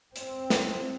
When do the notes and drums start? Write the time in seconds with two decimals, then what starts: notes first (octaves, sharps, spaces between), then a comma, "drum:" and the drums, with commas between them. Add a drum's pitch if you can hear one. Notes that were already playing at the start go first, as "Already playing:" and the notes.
0.16 C4, drum: hi-hat
0.50 drum: snare